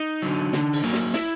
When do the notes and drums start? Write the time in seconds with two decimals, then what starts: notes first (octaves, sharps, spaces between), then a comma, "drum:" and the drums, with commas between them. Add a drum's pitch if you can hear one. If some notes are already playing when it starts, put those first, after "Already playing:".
Already playing: D#4
0.22 D3 F#3
0.53 D3, drum: snare
0.73 drum: open hi-hat
0.84 F#3 A#3
0.93 drum: snare
1.14 E4, drum: snare